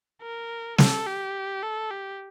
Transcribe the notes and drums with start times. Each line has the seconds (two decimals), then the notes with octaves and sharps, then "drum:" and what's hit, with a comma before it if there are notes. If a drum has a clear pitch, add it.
0.22 A#4
0.78 A4, drum: snare
1.06 G4
1.63 A4
1.90 G4